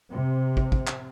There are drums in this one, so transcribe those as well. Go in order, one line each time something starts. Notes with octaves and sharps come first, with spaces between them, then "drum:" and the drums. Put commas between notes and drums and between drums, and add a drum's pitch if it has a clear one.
C3
drum: kick
drum: kick
drum: clap